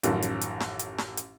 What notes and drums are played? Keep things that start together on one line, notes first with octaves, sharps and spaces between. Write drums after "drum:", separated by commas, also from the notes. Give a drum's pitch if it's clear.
A1 F#2 D#3 F3, drum: hi-hat
drum: hi-hat
drum: hi-hat
drum: snare
drum: hi-hat
drum: snare
drum: hi-hat